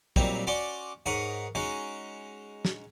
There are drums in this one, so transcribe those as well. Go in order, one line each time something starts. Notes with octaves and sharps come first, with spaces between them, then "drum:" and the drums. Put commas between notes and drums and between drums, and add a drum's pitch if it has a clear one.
A#2 F#3 G3 C4 D#4, drum: kick
C#4 F#4 D5 C6 D6
G#2 A#4 C#5 F#5 D#6
G#3 C#4 D#4 F#4
drum: snare